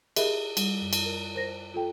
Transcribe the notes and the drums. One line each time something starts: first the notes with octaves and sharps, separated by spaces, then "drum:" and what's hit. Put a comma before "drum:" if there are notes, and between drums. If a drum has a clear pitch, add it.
G4 G#4 A#4 D#5 E5 B5, drum: cymbal
G3, drum: cymbal
F#2
drum: cymbal
A#4
A#4 C5 A#6
F4 A4 G5